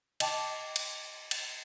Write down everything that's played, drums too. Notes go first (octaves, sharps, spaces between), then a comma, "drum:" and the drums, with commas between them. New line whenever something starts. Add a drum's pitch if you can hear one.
D#5 G5 A5 D6, drum: cymbal
drum: cymbal
drum: cymbal